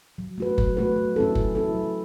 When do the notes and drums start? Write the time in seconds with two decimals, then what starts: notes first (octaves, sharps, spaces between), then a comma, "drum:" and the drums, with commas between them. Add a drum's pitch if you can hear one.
0.18 F#3
0.38 A3 F#4 B4
0.58 F#3, drum: kick F#1
0.77 A3 F#4 B4
0.96 F#3
1.16 C#4 E4 A4
1.35 F#3, drum: kick F#1
1.55 C#4 E4 A4
1.75 F#3